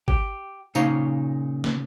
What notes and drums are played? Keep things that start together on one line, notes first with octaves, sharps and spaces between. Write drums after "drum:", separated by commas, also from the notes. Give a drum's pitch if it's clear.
G4, drum: kick G1
A#2 C#3 D#4 C#5 F5, drum: tambourine
drum: snare